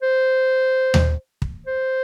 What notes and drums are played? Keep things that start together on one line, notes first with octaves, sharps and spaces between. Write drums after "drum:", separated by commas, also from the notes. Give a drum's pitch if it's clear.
C5
drum: tom D#2
drum: kick
C5